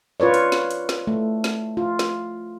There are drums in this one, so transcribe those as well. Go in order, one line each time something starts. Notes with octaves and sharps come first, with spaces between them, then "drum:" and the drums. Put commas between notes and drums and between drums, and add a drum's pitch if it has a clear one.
F4 B4 C#5 D5
drum: hi-hat
drum: snare
drum: hi-hat
drum: snare
A3
drum: snare
F4
drum: snare